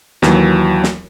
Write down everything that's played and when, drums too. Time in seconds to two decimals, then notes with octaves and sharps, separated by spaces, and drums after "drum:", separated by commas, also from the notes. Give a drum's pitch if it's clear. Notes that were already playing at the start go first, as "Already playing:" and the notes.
0.22 D#2 E3 F#3, drum: snare
0.84 drum: snare